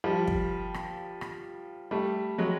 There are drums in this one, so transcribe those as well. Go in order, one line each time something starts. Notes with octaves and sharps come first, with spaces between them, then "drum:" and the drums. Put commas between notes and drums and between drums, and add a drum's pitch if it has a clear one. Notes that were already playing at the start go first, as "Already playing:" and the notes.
F3 G3
drum: kick
drum: rim click
drum: rim click
G3 A3
F#3 G#3